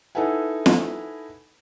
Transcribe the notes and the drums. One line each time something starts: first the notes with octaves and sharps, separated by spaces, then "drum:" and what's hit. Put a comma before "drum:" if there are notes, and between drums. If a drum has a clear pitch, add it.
D#4 E4 A4 B4 F#5 G#5
drum: snare